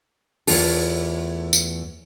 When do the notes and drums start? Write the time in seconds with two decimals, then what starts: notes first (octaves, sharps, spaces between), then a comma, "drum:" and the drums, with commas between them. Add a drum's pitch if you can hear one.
0.47 E2 E3 A3 F4 A4, drum: open hi-hat
1.53 drum: tambourine